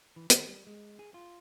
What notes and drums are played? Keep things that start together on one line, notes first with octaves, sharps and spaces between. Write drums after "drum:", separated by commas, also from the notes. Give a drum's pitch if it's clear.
E3
D#3, drum: hi-hat
G3
G#3
G#4
F4